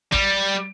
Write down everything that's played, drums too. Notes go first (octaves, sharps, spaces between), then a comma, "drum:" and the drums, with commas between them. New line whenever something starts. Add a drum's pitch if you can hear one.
G3, drum: kick